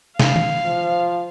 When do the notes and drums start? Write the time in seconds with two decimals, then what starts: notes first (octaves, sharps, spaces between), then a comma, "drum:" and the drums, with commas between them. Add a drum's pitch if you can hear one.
0.20 F5, drum: snare
0.36 drum: tom D#3
0.65 F3